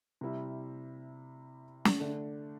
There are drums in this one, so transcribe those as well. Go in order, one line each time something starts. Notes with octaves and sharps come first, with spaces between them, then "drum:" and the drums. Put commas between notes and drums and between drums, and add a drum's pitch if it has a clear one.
C3 G3 E4
drum: snare
D3 A3 D4